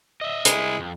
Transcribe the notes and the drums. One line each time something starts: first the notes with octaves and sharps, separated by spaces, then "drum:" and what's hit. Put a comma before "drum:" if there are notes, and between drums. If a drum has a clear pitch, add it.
D#5 E5
C2 G#3 E4, drum: hi-hat
F2